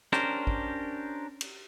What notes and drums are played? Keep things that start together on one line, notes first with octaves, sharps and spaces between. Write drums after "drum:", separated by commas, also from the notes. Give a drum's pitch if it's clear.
C#4 D4 G4 A#4 C5, drum: rim click
drum: kick
drum: cymbal